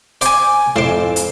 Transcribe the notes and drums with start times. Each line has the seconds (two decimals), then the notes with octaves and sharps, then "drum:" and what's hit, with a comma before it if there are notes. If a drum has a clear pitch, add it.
0.21 C5 D5 G5 G#5 D6, drum: hi-hat
0.76 F2 A2 C5 A5 C6 D6
1.16 drum: hi-hat